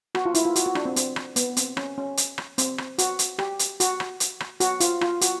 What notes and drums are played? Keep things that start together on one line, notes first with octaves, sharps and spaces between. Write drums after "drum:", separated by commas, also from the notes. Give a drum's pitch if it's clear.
F#4, drum: rim click
F4
E4, drum: hi-hat
F4
F#4, drum: hi-hat
F#4
D4, drum: rim click
C4
C4, drum: hi-hat
drum: rim click
B3, drum: hi-hat
C4, drum: hi-hat
C#4, drum: rim click
C#4
drum: hi-hat
drum: rim click
C4, drum: hi-hat
drum: rim click
F#4, drum: hi-hat
drum: hi-hat
G4, drum: rim click
drum: hi-hat
F#4, drum: hi-hat
drum: rim click
drum: hi-hat
drum: rim click
F#4, drum: hi-hat
F4, drum: hi-hat
F4, drum: rim click
F#4, drum: hi-hat